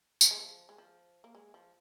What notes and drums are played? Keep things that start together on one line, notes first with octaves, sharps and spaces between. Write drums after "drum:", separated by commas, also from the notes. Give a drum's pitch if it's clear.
F3, drum: tambourine
G#3
F3
G#3
F3
A#3
G#3
F3